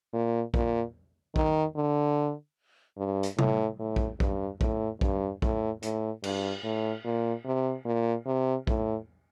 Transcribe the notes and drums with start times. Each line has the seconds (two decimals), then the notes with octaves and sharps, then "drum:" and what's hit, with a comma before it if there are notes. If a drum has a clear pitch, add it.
0.13 A#2
0.54 A#2, drum: kick
1.36 D#3, drum: kick
1.76 D3
2.98 G2
3.23 drum: hi-hat
3.39 A2, drum: tom C3
3.80 A2
3.96 drum: kick
4.20 G2, drum: kick
4.61 A2, drum: kick
5.01 G2, drum: kick
5.42 A2, drum: kick
5.83 A2, drum: hi-hat
6.24 G2, drum: cymbal
6.64 A2
7.05 A#2
7.46 C3
7.86 A#2
8.27 C3
8.67 A2, drum: kick